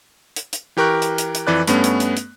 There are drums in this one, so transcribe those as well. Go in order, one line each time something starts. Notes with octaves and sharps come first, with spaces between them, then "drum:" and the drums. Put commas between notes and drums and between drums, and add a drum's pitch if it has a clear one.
drum: hi-hat
drum: hi-hat
E3 G4 A#4 C#6 F#6
drum: hi-hat
drum: hi-hat
drum: hi-hat
F2 E3 B4 D5 F#6
G2 A3 B3 C#4, drum: hi-hat
drum: hi-hat
drum: hi-hat
drum: hi-hat